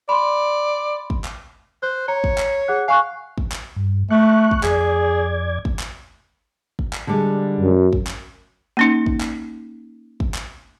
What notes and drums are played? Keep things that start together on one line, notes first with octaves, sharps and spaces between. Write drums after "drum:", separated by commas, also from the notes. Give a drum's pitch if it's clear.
D5 B5 C6
drum: kick
drum: clap
C5 F#6
C#5 A#5
drum: kick
drum: clap
G#4 F#5 F#6
F5 G#5 C#6 F#6
drum: kick
drum: clap
G2
A3 C#6 F#6
drum: kick
F2 G#4 D5 G#6, drum: clap
drum: kick
drum: clap
drum: kick
drum: clap
D3 G3 G#3
F#2
drum: kick
drum: clap
A#3 C#4 D#4
drum: kick
drum: clap
drum: kick
drum: clap